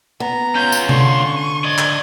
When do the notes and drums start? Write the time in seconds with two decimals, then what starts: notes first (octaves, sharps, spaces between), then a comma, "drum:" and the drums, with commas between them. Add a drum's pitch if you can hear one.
0.20 B3 A#5
0.55 C#4 F4 G6
0.72 drum: tambourine
0.89 D3 C6 C#6, drum: tom C3
1.36 D#7
1.64 D5 D#5 G#6
1.78 drum: clap